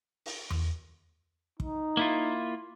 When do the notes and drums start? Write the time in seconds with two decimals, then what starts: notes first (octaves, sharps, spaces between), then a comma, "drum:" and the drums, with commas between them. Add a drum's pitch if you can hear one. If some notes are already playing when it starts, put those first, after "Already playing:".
0.26 drum: open hi-hat
0.50 drum: tom E2
1.60 D#4, drum: kick
1.97 A#3 E4 F4